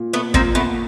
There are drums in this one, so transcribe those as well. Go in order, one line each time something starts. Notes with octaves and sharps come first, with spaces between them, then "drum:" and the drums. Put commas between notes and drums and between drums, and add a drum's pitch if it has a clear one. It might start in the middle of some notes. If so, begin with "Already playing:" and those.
Already playing: A#2
A3 B3
A#2 A#3 C4, drum: kick
A3 B3